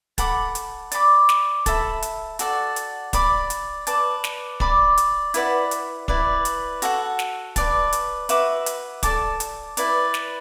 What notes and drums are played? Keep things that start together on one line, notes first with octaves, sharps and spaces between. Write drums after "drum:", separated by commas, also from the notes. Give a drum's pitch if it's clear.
A4 F#5 B5 D6, drum: kick, hi-hat
drum: hi-hat
D5 B5 D6, drum: hi-hat
drum: snare
A4 E5 B5, drum: kick, hi-hat
drum: hi-hat
F#4 A4 D5 F#5, drum: hi-hat
drum: hi-hat
D5 B5 D6, drum: kick, hi-hat
drum: hi-hat
B4 D5 A5 D6, drum: hi-hat
drum: snare
D5 B5 D6, drum: kick
drum: hi-hat
E4 B4 D5 F#5, drum: hi-hat
drum: hi-hat
E4 B4 D5, drum: kick
drum: hi-hat
F#4 A4 F#5, drum: hi-hat
drum: snare
B4 D5 A5, drum: kick, hi-hat
drum: hi-hat
F#4 B4 E5 D6, drum: hi-hat
drum: hi-hat
A4 D5 A5 D6, drum: kick, hi-hat
drum: hi-hat
E4 B4 D5, drum: hi-hat
drum: snare